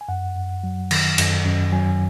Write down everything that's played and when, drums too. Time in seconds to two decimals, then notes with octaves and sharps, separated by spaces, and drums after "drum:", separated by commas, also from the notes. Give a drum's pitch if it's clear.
0.01 G#5
0.08 F#2 F#5
0.36 F#2
0.64 F#3
0.91 D#3, drum: cymbal
1.18 F#2, drum: cymbal
1.45 F#2
1.72 F#3 G#5